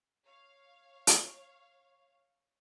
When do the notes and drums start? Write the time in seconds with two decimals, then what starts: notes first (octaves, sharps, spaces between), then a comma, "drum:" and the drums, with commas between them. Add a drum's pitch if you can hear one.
0.25 C#5 F5
1.07 drum: hi-hat